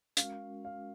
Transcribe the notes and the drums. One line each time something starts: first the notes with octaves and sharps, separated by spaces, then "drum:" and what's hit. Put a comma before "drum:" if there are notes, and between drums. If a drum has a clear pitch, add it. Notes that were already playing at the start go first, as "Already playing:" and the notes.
G#3 C#4 F#4 A#4 F5, drum: hi-hat
F5